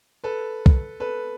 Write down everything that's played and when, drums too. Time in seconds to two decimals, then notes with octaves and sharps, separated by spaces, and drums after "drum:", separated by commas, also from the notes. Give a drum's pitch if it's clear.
0.24 A4 B4
0.66 drum: kick
1.00 A4 B4